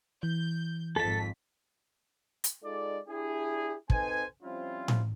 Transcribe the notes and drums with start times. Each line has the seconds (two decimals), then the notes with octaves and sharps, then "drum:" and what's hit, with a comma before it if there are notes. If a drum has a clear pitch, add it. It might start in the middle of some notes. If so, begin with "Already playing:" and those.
0.23 E3 G6
0.96 G#1 F2 A4 A5 B6
2.44 drum: hi-hat
2.63 G#3 D#4 F4 A4 D5
3.09 D4 E4 G4 G#4
3.90 C4 D#4 A4 B4 C5 G#5, drum: kick
4.42 F3 G3 C4 C#4 E4 F4
4.88 drum: tom A2